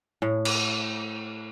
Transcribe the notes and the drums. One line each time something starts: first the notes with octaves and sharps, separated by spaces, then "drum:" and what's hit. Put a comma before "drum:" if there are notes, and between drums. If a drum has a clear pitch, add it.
A2
drum: cymbal